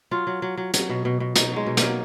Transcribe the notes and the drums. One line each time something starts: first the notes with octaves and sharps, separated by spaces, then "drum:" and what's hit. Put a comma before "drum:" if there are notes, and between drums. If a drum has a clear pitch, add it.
F#3 F4
F#3
F#3
F#3
F#3, drum: hi-hat
B2
B2
B2
B2 D#4, drum: hi-hat
F#3 G#3
B2
A#3, drum: hi-hat
F#3